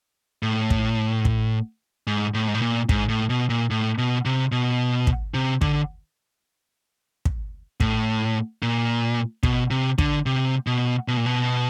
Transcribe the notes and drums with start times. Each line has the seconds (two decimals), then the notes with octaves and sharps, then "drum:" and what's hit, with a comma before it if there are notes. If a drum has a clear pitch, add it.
0.43 A2
0.70 drum: kick
1.25 drum: kick
2.07 G#2
2.34 A2
2.48 G#2
2.54 A2
2.62 A#2
2.89 G#2, drum: kick
3.09 A2
3.30 B2
3.50 A#2
3.71 A2
3.98 B2
4.25 C3
4.52 B2
5.07 drum: kick
5.34 C3
5.61 D3, drum: kick
7.25 drum: kick
7.80 A2, drum: kick
8.63 A#2
9.43 B2, drum: kick
9.71 C3
9.99 D3, drum: kick
10.26 C3
10.67 B2
11.08 B2
11.17 A#2
11.26 B2